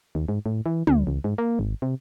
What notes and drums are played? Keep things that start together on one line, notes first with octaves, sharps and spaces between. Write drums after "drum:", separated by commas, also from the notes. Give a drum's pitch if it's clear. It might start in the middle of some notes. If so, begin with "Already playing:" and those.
D#2
G#2
A2
E3
D2, drum: tom
C#2
G#2
A#3
G#1
C3